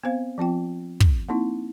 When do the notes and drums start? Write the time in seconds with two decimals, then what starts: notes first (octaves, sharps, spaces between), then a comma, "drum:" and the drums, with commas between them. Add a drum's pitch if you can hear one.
0.03 B3 C4 C5 F5
0.38 F3 C4 F4 G5
1.00 drum: kick
1.29 A#3 C4 D#4 E4